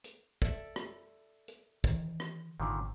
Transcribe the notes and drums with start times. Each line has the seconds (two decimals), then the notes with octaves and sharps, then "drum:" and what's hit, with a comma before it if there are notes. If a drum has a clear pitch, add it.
0.04 drum: hi-hat
0.42 A4 D5 E5, drum: kick
0.76 drum: rim click
1.48 drum: hi-hat
1.84 D#3 E3, drum: kick
2.20 drum: rim click
2.60 G#1 A#2 D3 D#3